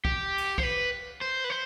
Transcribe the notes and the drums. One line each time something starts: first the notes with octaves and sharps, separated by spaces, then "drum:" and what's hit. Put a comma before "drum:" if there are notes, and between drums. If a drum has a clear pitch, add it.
G4, drum: kick
drum: cymbal
C5, drum: kick
B4
C5
B4
C5